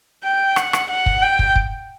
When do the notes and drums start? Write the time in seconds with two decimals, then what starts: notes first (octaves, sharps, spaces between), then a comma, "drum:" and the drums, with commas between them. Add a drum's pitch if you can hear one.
0.24 G5
0.56 F#5, drum: rim click
0.73 drum: rim click
0.90 F#5
1.06 drum: kick
1.22 G5
1.39 drum: kick
1.55 drum: kick